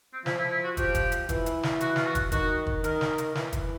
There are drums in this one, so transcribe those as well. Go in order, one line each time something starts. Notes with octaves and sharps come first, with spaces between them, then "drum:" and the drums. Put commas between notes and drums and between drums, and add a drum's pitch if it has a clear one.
C4
F3 E4, drum: snare
E4
E4
F#4
F3 G4, drum: kick, hi-hat
drum: kick, hi-hat
drum: hi-hat
E3, drum: kick, hi-hat
drum: hi-hat
drum: snare
F#4, drum: hi-hat
F4, drum: snare
F#4
drum: kick, hi-hat
D#3 F#4, drum: kick, hi-hat
drum: kick
D#3 A#4, drum: hi-hat
drum: snare
drum: hi-hat
E3, drum: snare
drum: kick, hi-hat